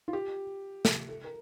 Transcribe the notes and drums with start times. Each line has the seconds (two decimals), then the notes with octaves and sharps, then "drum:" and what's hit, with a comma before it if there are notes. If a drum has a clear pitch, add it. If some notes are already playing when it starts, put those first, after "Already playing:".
0.08 F4
0.13 G4
0.85 drum: snare
1.08 A4
1.24 A#4